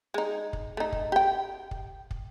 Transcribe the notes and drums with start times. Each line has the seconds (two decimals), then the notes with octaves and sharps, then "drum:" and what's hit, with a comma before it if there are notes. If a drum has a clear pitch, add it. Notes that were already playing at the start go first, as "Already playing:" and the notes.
0.14 G#3 D#4
0.53 drum: kick
0.77 A3 D#4
0.93 drum: kick
1.12 G4 G5
1.71 drum: kick
2.11 drum: kick